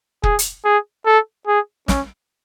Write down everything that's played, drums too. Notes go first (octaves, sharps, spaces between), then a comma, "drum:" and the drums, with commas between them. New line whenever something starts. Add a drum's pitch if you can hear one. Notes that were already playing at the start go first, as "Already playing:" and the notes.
G#4, drum: kick
drum: hi-hat
G#4
A4
G#4
C#4, drum: snare